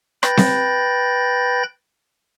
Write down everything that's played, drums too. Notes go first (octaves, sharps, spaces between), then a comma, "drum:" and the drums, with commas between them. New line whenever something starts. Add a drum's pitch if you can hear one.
B4 G5 B5 G6 A6 A#6, drum: rim click
drum: snare C4